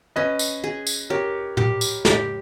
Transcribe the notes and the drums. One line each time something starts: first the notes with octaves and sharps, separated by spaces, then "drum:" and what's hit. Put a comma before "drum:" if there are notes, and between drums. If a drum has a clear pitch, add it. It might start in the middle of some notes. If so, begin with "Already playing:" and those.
C#4 B4 D#5
drum: tambourine
G#4
drum: tambourine
G4 A#4 C#5
G4, drum: tom
drum: tambourine
G4, drum: snare